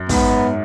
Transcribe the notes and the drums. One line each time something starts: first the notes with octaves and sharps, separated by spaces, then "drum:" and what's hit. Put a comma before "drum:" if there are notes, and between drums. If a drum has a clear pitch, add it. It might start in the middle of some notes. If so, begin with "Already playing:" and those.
Already playing: F#2
G#2 B3, drum: kick, open hi-hat